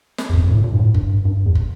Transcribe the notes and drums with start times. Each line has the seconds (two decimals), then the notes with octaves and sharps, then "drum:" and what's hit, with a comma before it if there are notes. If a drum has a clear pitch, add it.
0.18 drum: snare
0.30 E2
0.33 F2, drum: kick
0.44 F2
0.49 A#2
0.54 A2
0.64 A#2
0.72 G2
0.79 A2
0.94 G2, drum: kick
1.25 G2
1.46 E2
1.55 drum: kick